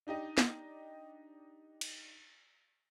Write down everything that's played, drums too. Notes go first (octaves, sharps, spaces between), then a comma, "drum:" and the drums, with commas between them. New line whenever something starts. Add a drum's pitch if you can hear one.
D4 D#4 G4 D#5
drum: snare
drum: cymbal